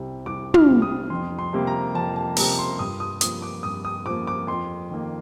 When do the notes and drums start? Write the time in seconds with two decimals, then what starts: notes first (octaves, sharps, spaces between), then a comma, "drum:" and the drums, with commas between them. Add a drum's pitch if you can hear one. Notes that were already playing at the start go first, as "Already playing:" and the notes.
Already playing: C2 C3 G3
0.26 C2 D6
0.54 F6, drum: tom
0.68 C3 G3
0.82 D#6
1.10 F2 C6
1.39 C6
1.53 C3 G3 A#3
1.67 A#5
1.95 F2 A5
2.16 A5
2.37 C3 G3 A#3 A#5, drum: open hi-hat
2.59 C6
2.79 G2 D#6
3.00 D#6
3.21 F3 A#3 D#6, drum: hi-hat
3.42 D6
3.63 G2 D#6
3.85 D#6
4.06 F3 A#3 D6
4.27 D6
4.47 F2 C6
4.90 D#3 A#3